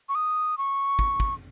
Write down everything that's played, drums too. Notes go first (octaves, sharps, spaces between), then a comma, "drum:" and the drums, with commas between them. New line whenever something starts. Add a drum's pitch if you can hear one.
C#6
D#6
C#6
drum: kick
drum: kick